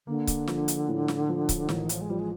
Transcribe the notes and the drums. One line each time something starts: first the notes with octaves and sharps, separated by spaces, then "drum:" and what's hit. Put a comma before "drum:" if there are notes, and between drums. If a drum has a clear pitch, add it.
D3 A#3
drum: kick C#1, hi-hat
F3, drum: snare
drum: hi-hat
A2
drum: snare
F3
drum: kick C#1, hi-hat
A1 D#3, drum: snare
F3, drum: hi-hat
G#3
F3 G3
G#3